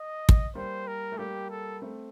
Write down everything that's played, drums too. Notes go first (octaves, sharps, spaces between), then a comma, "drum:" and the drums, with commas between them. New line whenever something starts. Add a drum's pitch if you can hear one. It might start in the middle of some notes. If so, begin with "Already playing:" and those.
Already playing: D#5
drum: kick
G3 A#3 C5
A#4
A3
G3 A#3 G4
A4
A3 C4